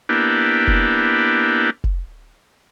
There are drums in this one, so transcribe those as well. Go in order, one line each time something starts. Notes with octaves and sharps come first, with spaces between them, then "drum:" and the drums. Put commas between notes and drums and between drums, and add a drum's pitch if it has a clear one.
A#3 B3 D4 E4 G4
drum: kick F1
drum: kick F1